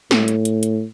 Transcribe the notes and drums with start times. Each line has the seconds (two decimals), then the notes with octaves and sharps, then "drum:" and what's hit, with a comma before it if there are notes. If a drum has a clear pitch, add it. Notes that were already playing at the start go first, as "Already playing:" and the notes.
0.11 A2, drum: snare
0.28 drum: hi-hat
0.45 drum: hi-hat
0.63 drum: hi-hat